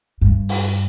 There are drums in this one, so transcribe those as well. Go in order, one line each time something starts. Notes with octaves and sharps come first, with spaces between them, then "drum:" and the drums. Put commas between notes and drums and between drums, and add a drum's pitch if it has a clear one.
G2
drum: open hi-hat